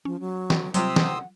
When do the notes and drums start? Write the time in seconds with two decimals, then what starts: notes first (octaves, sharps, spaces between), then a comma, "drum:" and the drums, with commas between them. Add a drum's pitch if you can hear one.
0.05 F3 C#4
0.20 F#3
0.50 drum: snare
0.74 C3 F#3 G3 F4 C6 D#6 E6, drum: hi-hat
0.96 F#5, drum: snare